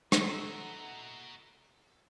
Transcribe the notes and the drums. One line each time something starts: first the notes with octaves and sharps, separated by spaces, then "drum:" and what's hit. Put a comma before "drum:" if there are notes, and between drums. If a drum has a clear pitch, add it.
E4 F#4 A4 D#5 F#5 A#5, drum: rim click